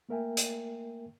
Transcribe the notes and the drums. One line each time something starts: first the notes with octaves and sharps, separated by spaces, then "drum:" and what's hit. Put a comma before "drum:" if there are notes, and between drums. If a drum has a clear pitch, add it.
A3 A#3 A#4 E5 G5 G#5
drum: hi-hat